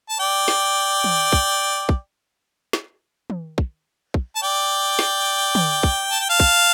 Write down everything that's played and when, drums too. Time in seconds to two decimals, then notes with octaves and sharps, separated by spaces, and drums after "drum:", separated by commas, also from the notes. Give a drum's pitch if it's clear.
0.10 A5
0.20 D5 G5
0.48 drum: snare
1.04 drum: tom
1.32 drum: kick
1.89 drum: kick
2.73 drum: snare
3.30 drum: tom
3.58 drum: kick
4.14 drum: kick
4.36 A5
4.42 D5 G5
4.99 drum: snare
5.55 drum: tom
5.83 drum: kick
6.11 A5
6.20 G5
6.30 F5 A5
6.40 drum: kick